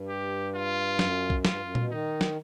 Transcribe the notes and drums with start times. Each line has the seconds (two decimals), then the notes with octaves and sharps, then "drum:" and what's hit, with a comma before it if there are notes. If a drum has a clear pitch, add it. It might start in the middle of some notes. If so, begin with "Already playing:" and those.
Already playing: G2
0.09 G4
0.55 F4
0.99 F#2, drum: snare
1.30 drum: kick B1
1.45 G2 F4, drum: snare
1.60 F#2
1.75 B2, drum: tom A#2
1.90 D#3 D#4
2.21 drum: snare